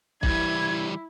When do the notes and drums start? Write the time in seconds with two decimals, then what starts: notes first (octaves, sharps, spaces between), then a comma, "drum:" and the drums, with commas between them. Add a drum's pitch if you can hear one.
0.23 E3 G3 E4 G#6, drum: kick